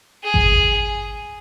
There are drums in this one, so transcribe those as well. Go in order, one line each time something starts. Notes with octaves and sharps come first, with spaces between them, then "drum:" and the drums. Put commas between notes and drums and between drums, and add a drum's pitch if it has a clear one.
G#4
drum: kick G#1